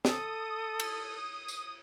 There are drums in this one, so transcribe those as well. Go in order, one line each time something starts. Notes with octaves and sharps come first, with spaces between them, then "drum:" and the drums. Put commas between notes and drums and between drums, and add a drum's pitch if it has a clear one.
A4 D#6, drum: snare
drum: cymbal
drum: tambourine